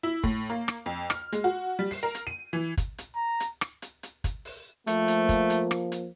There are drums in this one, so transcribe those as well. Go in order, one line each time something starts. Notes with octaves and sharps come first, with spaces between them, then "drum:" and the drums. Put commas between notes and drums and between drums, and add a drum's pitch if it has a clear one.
E4
A2, drum: kick
A#3
drum: rim click
F2
F6, drum: rim click
G#3, drum: hi-hat
F#4
G3
C7, drum: open hi-hat
A#4
drum: hi-hat
D#7
E3
drum: kick, hi-hat
drum: hi-hat
A#5
drum: hi-hat
drum: rim click
drum: hi-hat
drum: hi-hat
drum: kick, hi-hat
drum: open hi-hat
F3 A3 A#3, drum: hi-hat
drum: hi-hat
drum: kick, hi-hat
drum: hi-hat
drum: rim click
drum: hi-hat